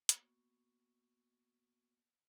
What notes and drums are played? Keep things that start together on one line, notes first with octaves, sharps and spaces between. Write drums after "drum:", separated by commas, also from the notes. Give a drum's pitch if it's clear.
A#3 B3 F#4 C#6, drum: hi-hat